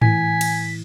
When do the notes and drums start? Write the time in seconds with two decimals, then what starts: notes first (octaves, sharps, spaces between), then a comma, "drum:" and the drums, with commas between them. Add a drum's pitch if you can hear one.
0.02 A2 E3 G#5 B6, drum: tom G#2
0.41 drum: cymbal